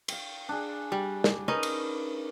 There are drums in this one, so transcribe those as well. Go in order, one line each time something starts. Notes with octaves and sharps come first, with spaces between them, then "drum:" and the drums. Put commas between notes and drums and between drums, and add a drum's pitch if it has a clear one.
F5 G5, drum: cymbal
D4 G#4
G3
drum: snare
C#4 D#4 A#4 B4 D#5
drum: cymbal